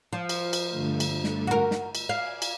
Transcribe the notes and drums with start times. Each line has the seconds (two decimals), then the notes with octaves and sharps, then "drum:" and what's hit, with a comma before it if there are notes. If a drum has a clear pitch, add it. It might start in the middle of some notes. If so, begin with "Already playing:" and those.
0.13 F3
0.29 drum: cymbal
0.53 drum: cymbal
0.70 G2 D3 A3
1.00 drum: cymbal
1.24 drum: snare
1.47 F#4 A#4
1.71 drum: snare
1.95 drum: cymbal
2.09 D5 F5 G#5
2.42 drum: cymbal